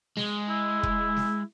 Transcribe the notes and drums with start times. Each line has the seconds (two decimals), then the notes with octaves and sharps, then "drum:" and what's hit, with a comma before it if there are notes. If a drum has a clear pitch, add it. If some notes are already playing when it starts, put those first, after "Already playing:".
0.17 G#3, drum: snare
0.49 E4
0.83 drum: kick
1.17 drum: snare